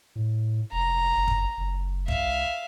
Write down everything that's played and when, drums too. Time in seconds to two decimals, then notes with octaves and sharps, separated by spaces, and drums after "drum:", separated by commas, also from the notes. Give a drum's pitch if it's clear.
0.16 A2
0.72 F1 A#5
1.15 F#1
1.28 drum: kick
1.57 F#1
2.08 C2 E5 F5, drum: kick